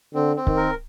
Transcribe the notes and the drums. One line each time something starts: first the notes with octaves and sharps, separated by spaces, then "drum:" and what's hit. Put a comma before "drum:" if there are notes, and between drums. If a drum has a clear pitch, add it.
D3 C4
C4
D#3, drum: kick C#1
A#4